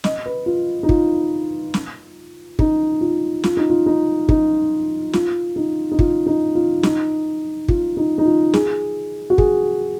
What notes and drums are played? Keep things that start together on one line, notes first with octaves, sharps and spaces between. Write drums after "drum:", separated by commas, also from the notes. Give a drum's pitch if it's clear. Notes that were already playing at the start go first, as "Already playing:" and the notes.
D#5, drum: snare
B4
F4
D#4
F4, drum: kick
drum: snare
D#4, drum: kick
F4
F4, drum: snare
D#4
F4
D#4
D#4, drum: kick
F4, drum: snare
D#4
D#4
F4, drum: kick
D#4
F4
D#4, drum: snare
F4, drum: kick
D#4
D#4
F4
G#4, drum: snare
F#4
G#4, drum: kick